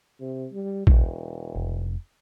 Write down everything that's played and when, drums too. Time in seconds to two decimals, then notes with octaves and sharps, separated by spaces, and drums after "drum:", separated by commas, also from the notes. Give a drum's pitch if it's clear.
0.21 C3
0.53 G3
0.87 E1, drum: kick
1.55 F1